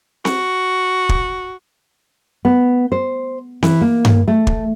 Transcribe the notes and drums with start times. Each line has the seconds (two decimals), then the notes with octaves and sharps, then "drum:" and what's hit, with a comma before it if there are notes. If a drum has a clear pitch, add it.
0.25 F#4, drum: snare C4
1.09 drum: kick
2.45 B3
2.92 C5
3.63 E3, drum: snare C4
3.81 A#3
4.05 drum: tom G2
4.28 A3
4.47 drum: kick